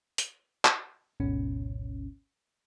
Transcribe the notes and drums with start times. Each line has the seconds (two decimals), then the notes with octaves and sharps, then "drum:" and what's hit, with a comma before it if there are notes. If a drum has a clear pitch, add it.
0.18 drum: hi-hat
0.65 drum: clap
1.20 G#1 D2 G#2 B2 C#4